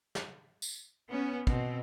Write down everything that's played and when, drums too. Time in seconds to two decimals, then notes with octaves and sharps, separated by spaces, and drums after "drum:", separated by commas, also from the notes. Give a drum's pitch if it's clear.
0.15 drum: snare
0.62 drum: tambourine
1.10 B3 C#4
1.47 B2 C4, drum: kick